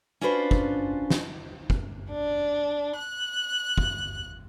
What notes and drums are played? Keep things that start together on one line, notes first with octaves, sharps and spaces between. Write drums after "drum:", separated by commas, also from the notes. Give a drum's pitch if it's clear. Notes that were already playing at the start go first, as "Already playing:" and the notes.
C#4 D4 F4 F#4 B4 C5
drum: kick
drum: snare
drum: kick
D4
F#6
drum: kick